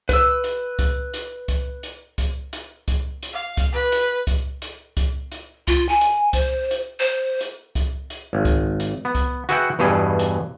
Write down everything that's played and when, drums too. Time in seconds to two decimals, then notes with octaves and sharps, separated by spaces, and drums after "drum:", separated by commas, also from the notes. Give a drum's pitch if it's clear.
0.09 B4 E6, drum: kick C2, hi-hat
0.44 drum: hi-hat
0.79 drum: kick C2, hi-hat
1.14 drum: hi-hat
1.48 drum: kick C2, hi-hat
1.83 drum: hi-hat
2.18 drum: kick C2, hi-hat
2.53 drum: hi-hat
2.88 drum: kick C2, hi-hat
3.23 drum: hi-hat
3.33 F5
3.57 drum: kick C2, hi-hat
3.73 B4
3.92 drum: hi-hat
4.27 drum: kick C2, hi-hat
4.62 drum: hi-hat
4.97 drum: kick C2, hi-hat
5.32 drum: hi-hat
5.68 F4, drum: kick C2, hi-hat
5.89 G#5
6.01 drum: hi-hat
6.33 C5, drum: kick C2, hi-hat
6.71 drum: hi-hat
6.99 C5
7.41 drum: hi-hat
7.75 drum: kick C2, hi-hat
8.10 drum: hi-hat
8.33 G#1
8.45 drum: kick C2, hi-hat
8.80 drum: hi-hat
9.05 B3
9.15 drum: kick C2, hi-hat
9.49 F#4 G#4 B4 E5 F#5 G5, drum: hi-hat
9.79 E2 G2 B2 G#4
10.19 drum: hi-hat